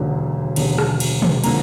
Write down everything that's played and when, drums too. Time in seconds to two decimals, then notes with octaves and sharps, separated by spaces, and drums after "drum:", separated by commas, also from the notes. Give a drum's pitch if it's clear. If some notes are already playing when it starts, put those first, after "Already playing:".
Already playing: E1 D#2 D3 F#3
0.56 E1 D#2 D3 F#3, drum: cymbal
0.78 drum: rim click
1.00 drum: cymbal
1.22 drum: tom
1.44 D3 F3 A#3 A#5, drum: cymbal